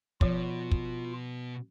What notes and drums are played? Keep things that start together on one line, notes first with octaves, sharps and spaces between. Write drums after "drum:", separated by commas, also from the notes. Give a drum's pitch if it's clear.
B2 F3 F4 C#5, drum: kick
drum: kick